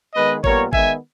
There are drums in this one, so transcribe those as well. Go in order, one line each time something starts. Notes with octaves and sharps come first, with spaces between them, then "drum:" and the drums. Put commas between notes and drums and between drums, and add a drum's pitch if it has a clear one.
D#3 G#3 B3 B4 D#5
A#2 G3 B3 A#4 C#5, drum: kick G#1
D#3 G#3 B3 E5 G#5, drum: kick G#1